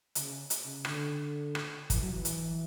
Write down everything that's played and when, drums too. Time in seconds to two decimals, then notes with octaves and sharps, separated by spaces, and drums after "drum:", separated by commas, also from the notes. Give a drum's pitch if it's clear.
0.15 C#3, drum: hi-hat
0.50 drum: hi-hat
0.85 D3, drum: rim click
1.55 drum: rim click
1.90 E3, drum: kick, hi-hat
2.02 F#3
2.13 E3
2.25 drum: hi-hat